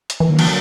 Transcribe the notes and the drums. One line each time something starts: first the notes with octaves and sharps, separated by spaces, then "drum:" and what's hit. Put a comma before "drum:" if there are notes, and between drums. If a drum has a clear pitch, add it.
drum: hi-hat
D3 E3 F#3 A#3
D#3
E3, drum: cymbal